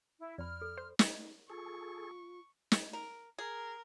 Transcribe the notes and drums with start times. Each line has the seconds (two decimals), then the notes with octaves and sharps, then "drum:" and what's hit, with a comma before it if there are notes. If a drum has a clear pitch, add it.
0.19 E4
0.38 F2 D5 B5 F6
0.62 A4
0.78 C5
0.99 drum: snare
1.50 F4 G#4 A4 C#6
2.72 drum: snare
2.93 A#4
3.38 G#4 A#4